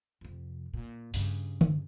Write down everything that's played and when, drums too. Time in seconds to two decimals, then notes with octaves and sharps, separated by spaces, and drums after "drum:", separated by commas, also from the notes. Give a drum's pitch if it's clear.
0.21 F2 C3
0.74 A#2
1.14 G2 C#3, drum: open hi-hat
1.61 drum: tom D3